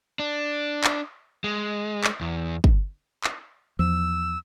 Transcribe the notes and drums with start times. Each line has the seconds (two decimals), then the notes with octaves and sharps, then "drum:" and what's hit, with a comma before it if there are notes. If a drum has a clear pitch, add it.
0.19 D4
0.84 drum: clap
1.44 G#3
2.04 drum: clap
2.21 E2
2.64 drum: kick
3.24 drum: clap
3.79 E2 F3 E6